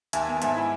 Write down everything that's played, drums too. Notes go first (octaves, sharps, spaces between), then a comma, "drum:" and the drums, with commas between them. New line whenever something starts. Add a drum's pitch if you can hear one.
D#2 E5 G#5, drum: hi-hat
B3
A5
G#2 E5 G#5, drum: hi-hat
E4